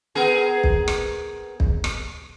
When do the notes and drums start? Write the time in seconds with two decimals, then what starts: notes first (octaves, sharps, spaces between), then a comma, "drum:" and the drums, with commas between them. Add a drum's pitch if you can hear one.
0.15 B3 G#4 A#4
0.64 drum: kick
0.88 drum: rim click
1.60 drum: kick
1.84 drum: rim click